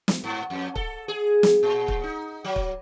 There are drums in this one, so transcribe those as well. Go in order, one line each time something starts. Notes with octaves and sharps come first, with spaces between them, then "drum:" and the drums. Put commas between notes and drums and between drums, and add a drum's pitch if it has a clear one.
drum: snare
G#2
F2
A4, drum: kick
G#4
drum: snare
A#2
drum: kick
D#4
F#3
drum: kick